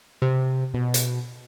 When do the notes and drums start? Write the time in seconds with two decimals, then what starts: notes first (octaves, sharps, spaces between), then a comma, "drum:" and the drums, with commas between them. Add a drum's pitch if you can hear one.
0.22 C3
0.74 B2
0.94 drum: hi-hat